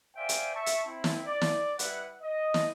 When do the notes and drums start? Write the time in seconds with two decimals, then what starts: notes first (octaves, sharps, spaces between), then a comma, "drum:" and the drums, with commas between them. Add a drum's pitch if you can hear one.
0.17 C5 D5 E5 F5 G5 G#5
0.29 drum: hi-hat
0.54 E5 A5 C#6
0.66 drum: hi-hat
0.85 C4 E4
1.04 drum: snare
1.26 D5
1.41 drum: snare
1.79 G3 E4 B4 F#5, drum: hi-hat
2.22 D#5
2.54 drum: snare